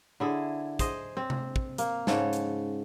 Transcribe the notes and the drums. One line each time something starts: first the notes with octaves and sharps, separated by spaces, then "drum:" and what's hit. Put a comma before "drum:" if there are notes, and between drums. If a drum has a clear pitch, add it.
D3 E4 G#4
G#4 C5 D#5, drum: kick, hi-hat
C4
drum: tom C3
drum: kick
A#3, drum: hi-hat
G#2 C#3 A4 C#5, drum: snare
drum: hi-hat